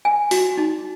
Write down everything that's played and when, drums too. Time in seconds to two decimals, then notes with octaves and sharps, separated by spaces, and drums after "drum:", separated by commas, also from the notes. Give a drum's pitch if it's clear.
0.05 G#5
0.31 F#4, drum: open hi-hat
0.58 D#4